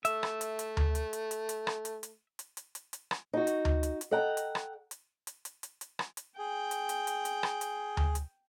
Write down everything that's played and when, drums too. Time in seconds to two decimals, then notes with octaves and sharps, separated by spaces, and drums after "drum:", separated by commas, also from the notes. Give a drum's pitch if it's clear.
0.05 A3 E5, drum: hi-hat
0.23 drum: rim click
0.41 drum: hi-hat
0.59 drum: hi-hat
0.77 drum: tom D2
0.95 drum: hi-hat
1.13 drum: hi-hat
1.31 drum: hi-hat
1.49 drum: hi-hat
1.67 drum: rim click
1.85 drum: hi-hat
2.03 drum: hi-hat
2.39 drum: hi-hat
2.57 drum: hi-hat
2.75 drum: hi-hat
2.93 drum: hi-hat
3.11 drum: rim click
3.33 D#4 F#4
3.47 drum: hi-hat
3.65 drum: tom D2
3.83 drum: hi-hat
4.01 drum: hi-hat
4.11 A4 D#5 F#5 G5 A#5
4.37 drum: hi-hat
4.55 drum: rim click
4.91 drum: hi-hat
5.27 drum: hi-hat
5.45 drum: hi-hat
5.63 drum: hi-hat
5.81 drum: hi-hat
5.99 drum: rim click
6.17 drum: hi-hat
6.38 G#4 G5
6.71 drum: hi-hat
6.89 drum: hi-hat
7.07 drum: hi-hat
7.25 drum: hi-hat
7.43 drum: rim click
7.61 drum: hi-hat
7.97 drum: tom D2
8.15 drum: hi-hat